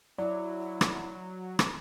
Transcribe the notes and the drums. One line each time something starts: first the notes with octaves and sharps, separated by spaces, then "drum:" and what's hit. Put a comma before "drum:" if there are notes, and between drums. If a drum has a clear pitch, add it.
F#3 E4 D5
drum: rim click
drum: rim click